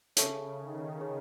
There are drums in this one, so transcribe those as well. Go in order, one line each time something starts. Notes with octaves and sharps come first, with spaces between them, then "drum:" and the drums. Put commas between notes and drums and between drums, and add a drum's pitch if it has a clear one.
C#3 A4 C#5 E5 A5 C#6, drum: hi-hat
D#3
D#4 G#4 C#5